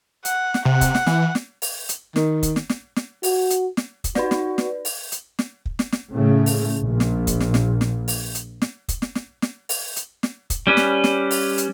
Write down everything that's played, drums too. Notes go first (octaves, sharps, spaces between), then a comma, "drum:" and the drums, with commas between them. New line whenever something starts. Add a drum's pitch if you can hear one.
F#5, drum: hi-hat
drum: snare
C3 F#5
drum: kick, hi-hat
drum: snare
E3, drum: snare
drum: snare
drum: open hi-hat
drum: hi-hat
D#3, drum: snare
drum: kick, hi-hat
drum: snare
drum: snare
drum: snare
F#4, drum: open hi-hat
drum: hi-hat
drum: snare
drum: kick, hi-hat
D#4 F#4 B4 D5, drum: snare
drum: snare
drum: snare
drum: open hi-hat
drum: hi-hat
drum: snare
drum: kick
drum: snare
drum: snare
A2 C#3 A3
drum: open hi-hat
A#1 A#2
drum: snare
drum: kick, hi-hat
drum: snare
drum: snare
drum: snare
drum: open hi-hat
drum: hi-hat
drum: snare
drum: kick, hi-hat
drum: snare
drum: snare
drum: snare
drum: open hi-hat
drum: hi-hat
drum: snare
drum: kick, hi-hat
G3 C#4 B4
drum: snare
drum: snare
drum: open hi-hat
drum: hi-hat